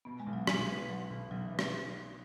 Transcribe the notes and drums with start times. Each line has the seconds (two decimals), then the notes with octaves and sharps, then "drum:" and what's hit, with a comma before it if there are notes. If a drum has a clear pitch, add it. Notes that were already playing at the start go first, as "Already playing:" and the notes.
0.05 B2 B3
0.20 G#3
0.26 B1
0.33 F#3
0.47 B1 G#3, drum: rim click
0.69 B3
0.89 B2 F#3
1.10 B1
1.31 B1 F#3
1.45 E3
1.52 B3
1.59 F#3, drum: rim click